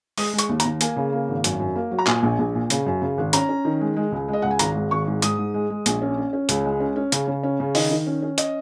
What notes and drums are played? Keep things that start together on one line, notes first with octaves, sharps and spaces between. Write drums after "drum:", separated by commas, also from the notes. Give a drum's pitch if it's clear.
G#3 D#6, drum: open hi-hat
G#3
C#6, drum: hi-hat
D#2
A#5, drum: hi-hat
D#2
A#3 G#5, drum: hi-hat
C#3
A#3
G#1
F#2, drum: hi-hat
F#2
A#3
F#3
A#5
A#2 G#5, drum: clap
A#1
A#1
A#2
C#3, drum: hi-hat
F#2
C#3
G#1
C#4 A#5, drum: hi-hat
C#4
D#3
G#3
G#3
C#2
G#3
D#5
C#2 F#5
G#5
G#1 A#5, drum: hi-hat
G#2
G#1 C#6
G#2
G#2 D#6, drum: hi-hat
G#2
G#3
G#3
A#1, drum: hi-hat
C#4
C#4
C#4
C#2, drum: hi-hat
G#3
C#4
C#4
C#3, drum: hi-hat
C#3
C#4
C#3
D#3 D#5, drum: open hi-hat
D#3
C#4
C#4
D#5, drum: hi-hat